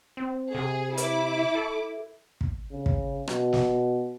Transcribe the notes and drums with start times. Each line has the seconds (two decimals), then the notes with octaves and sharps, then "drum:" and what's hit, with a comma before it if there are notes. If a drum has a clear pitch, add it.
0.17 C4
0.55 C3 G#4
0.97 E4 D6, drum: hi-hat
1.55 A4
2.41 drum: kick
2.72 C#3
2.86 drum: kick
3.27 B2, drum: rim click
3.53 drum: snare